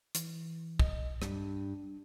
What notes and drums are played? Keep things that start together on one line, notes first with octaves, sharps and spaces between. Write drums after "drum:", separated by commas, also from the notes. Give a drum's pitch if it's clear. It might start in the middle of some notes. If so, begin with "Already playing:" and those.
E3, drum: hi-hat
D#5, drum: kick
G2 D4, drum: rim click